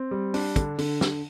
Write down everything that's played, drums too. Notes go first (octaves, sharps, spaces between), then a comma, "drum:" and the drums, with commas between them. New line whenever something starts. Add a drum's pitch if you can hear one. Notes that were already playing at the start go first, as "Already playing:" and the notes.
Already playing: C4
G3
D4, drum: open hi-hat
D3, drum: kick, hi-hat
D3, drum: open hi-hat
D3, drum: snare